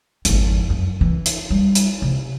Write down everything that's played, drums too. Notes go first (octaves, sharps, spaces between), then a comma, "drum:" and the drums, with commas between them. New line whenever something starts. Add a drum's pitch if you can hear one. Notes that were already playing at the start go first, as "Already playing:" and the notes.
G#1 F2, drum: hi-hat
F#2
E3
drum: hi-hat
G3
drum: hi-hat
C3